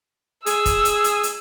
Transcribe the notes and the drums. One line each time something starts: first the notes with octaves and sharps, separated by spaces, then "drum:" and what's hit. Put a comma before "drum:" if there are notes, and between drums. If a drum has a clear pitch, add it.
G#4 E6, drum: hi-hat
drum: kick, hi-hat
drum: hi-hat
drum: hi-hat
drum: hi-hat